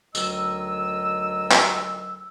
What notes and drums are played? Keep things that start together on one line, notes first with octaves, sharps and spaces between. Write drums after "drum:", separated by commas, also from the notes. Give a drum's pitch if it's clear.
D2 D#3 F#3 D#5 E6, drum: tambourine
drum: clap